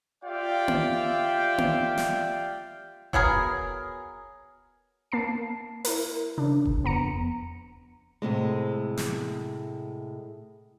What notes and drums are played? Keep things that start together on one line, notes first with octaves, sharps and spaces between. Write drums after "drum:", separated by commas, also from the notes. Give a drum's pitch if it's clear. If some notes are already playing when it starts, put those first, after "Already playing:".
F4 G4 D5 E5 F5 G5
drum: tom A#3
drum: tom A#3
drum: snare
F#3 B3 G#4 A#4, drum: kick E1
A#3 A5 C7
E4 A#4, drum: open hi-hat
C#3 D4
drum: kick E1
F2 B3 A#5 C#7
A2 C3 G#3
drum: snare